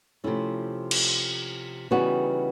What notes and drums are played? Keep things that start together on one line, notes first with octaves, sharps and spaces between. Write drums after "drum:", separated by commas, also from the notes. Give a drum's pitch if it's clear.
C3 F3 A3 C#4 E4
drum: cymbal
C#3 E3 G3 B3 D#4 F#4